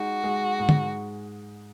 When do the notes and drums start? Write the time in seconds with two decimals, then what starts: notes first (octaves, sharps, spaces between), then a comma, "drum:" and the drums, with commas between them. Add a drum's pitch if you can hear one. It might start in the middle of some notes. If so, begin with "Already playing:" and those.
Already playing: G#3 D#4 F#4
0.24 G#3
0.59 G#2
0.69 drum: tom